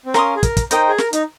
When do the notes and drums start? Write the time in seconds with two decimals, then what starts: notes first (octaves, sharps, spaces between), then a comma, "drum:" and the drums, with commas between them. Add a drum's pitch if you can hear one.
0.06 C4
0.14 C#4 A#4 F5 C6 D#6, drum: snare
0.36 G#4
0.43 A#4, drum: kick, hi-hat
0.57 drum: kick, hi-hat
0.71 D#4 A#4 C5 D#5 G5, drum: hi-hat
0.88 G#4
0.98 A#4, drum: snare
1.13 D#4, drum: hi-hat